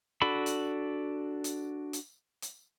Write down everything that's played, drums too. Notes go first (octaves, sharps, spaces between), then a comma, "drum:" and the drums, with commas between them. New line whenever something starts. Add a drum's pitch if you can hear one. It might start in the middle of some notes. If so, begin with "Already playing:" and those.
D4 F#4 A4 B5
drum: hi-hat
drum: hi-hat
drum: hi-hat
drum: hi-hat